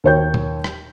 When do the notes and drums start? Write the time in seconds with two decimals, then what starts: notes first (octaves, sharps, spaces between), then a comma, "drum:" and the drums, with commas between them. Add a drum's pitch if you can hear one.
0.04 D#2 F#4 C#5 G5 G6
0.34 drum: tom A#2
0.64 drum: rim click